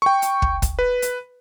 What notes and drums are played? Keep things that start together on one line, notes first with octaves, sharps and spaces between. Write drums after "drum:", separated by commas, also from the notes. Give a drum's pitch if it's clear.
G5 C#6
drum: hi-hat
drum: kick
drum: kick, hi-hat
B4
drum: hi-hat